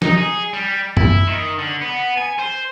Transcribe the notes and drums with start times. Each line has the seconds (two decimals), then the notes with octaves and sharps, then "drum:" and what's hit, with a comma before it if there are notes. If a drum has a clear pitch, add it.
0.02 D#4, drum: snare
0.18 G#4
0.53 G3
0.97 E4, drum: tom F#2
1.27 D#3
1.58 D3
1.81 B3
2.17 G#5
2.39 C5